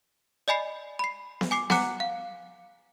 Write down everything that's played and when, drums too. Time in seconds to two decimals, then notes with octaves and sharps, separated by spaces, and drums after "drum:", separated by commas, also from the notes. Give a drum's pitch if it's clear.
0.48 D5 D#5 G#5 B5 C7
0.99 B5 C7
1.41 drum: snare B3
1.51 G#5 D6 C7
1.70 F#5 G#5 A#5 D6 F#6 C#7, drum: snare B3
2.00 F5